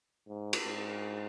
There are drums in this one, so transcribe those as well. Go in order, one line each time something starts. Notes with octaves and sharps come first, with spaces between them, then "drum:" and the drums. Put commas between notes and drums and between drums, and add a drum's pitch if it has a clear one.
G#2
drum: cymbal
G#2